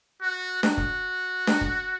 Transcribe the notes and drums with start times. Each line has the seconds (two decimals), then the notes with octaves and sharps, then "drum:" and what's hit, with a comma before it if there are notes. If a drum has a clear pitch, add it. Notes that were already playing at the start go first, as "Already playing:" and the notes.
0.21 F#4
0.63 F#4, drum: snare D4
0.78 drum: kick
1.47 drum: snare D4
1.61 drum: kick